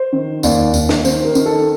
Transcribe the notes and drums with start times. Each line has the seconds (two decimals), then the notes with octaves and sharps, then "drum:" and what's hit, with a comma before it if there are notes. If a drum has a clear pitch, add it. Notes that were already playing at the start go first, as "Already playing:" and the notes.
Already playing: C5
0.13 D#3
0.43 D#2 D5, drum: tambourine
0.74 D#2, drum: tambourine
0.89 drum: snare
1.05 D#3 C5, drum: tambourine
1.25 A#4
1.35 D#3, drum: tambourine
1.46 A4